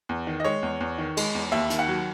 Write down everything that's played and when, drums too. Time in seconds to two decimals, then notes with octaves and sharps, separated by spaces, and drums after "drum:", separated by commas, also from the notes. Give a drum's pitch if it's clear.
0.09 E2
0.27 D#3
0.40 D#5
0.44 G#3 C#5
0.63 E2
0.81 E2
0.98 D#3
1.17 G#3, drum: cymbal
1.35 E2
1.52 D#2 E5
1.70 D#3, drum: hi-hat
1.79 F#5
1.88 F#3